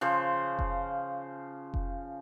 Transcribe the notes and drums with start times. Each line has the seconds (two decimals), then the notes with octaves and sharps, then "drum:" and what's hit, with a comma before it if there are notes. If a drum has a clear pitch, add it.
0.01 C#3 F3 C5
0.59 drum: kick F1
1.74 drum: kick F1